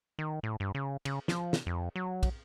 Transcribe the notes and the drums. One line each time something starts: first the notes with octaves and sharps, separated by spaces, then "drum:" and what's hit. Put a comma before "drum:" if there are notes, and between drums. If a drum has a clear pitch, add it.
D#3
A2
G2
C#3
C#3, drum: cymbal
F3, drum: snare
drum: snare
F2
F#3
drum: kick, cymbal